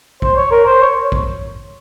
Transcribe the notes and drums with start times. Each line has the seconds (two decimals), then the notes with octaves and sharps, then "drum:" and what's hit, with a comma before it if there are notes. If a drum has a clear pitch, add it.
0.22 C5, drum: kick A#1
0.36 C#5
0.51 A#4
0.67 C5
0.82 C#5
1.12 drum: kick A#1